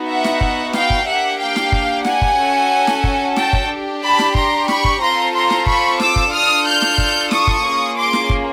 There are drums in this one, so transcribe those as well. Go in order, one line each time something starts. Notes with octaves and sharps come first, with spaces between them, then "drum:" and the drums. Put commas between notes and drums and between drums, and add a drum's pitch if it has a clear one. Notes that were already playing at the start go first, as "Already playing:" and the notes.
Already playing: B3 D#4 F#4
E5 F#5
drum: snare
drum: kick
F5 G5, drum: snare
drum: kick
A#3 D4 G4 E5 F#5
F5 G5
drum: snare
drum: kick
F#5 G#5, drum: snare
drum: kick
C#4 F#4 A4
drum: snare
drum: kick
G5 A5, drum: snare
drum: kick
D4 G4
A5 B5
drum: snare
A#5 C6, drum: kick
B5 C#6, drum: snare
drum: kick
C4 F4 A4 A#5 C6
A#5 C6
drum: snare
B5 C#6, drum: kick
D6 E6, drum: snare
drum: kick
D4 F4 A4 D#6 F6
F6 G6
drum: snare
drum: kick
C#6 D#6, drum: snare
drum: kick
A#3 C#4 F4 G#4
C6 D6
drum: snare
drum: kick